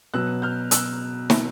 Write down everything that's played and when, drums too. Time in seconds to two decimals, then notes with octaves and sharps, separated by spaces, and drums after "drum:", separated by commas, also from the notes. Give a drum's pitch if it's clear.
0.14 B2 F#3 E6 F#6
0.42 F6 G6
0.71 E6 F#6, drum: hi-hat
1.30 drum: snare